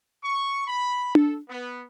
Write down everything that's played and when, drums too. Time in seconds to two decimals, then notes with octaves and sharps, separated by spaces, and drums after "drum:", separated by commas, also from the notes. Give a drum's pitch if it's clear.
0.23 C#6
0.68 B5
1.15 A4, drum: tom D4
1.48 B3